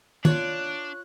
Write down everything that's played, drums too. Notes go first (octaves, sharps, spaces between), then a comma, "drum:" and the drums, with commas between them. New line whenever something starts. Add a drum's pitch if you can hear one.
D4 F4 C#5 F#6, drum: tom